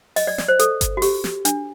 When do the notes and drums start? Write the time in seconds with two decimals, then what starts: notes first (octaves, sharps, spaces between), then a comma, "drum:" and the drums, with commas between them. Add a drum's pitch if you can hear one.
0.16 D#5, drum: open hi-hat
0.27 D5
0.38 D5, drum: snare
0.48 C5
0.59 A4, drum: hi-hat
0.81 drum: kick G1, hi-hat
0.97 F#4
1.02 G4, drum: open hi-hat
1.24 drum: snare
1.45 D4, drum: hi-hat